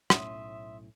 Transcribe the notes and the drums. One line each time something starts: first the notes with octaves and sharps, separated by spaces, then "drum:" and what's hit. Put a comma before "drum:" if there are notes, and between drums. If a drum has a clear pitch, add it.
B1 A2 C#4 E5 C6 D#6, drum: rim click